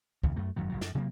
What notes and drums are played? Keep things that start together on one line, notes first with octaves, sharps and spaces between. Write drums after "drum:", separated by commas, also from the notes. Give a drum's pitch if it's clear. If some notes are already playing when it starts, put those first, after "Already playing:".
D#2 C#3, drum: kick
F#2 A3
G#1 F#2 D#3 F#3
F#1 A2 F#3
F#2, drum: snare
C3 F#3 A#3 C4